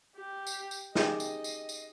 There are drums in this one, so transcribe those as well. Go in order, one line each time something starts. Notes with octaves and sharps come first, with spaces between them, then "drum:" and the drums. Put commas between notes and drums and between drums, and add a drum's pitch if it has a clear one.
G4
drum: tambourine
drum: tambourine
D#4 G4 G#4 D#5, drum: snare
drum: tambourine
drum: tambourine
drum: tambourine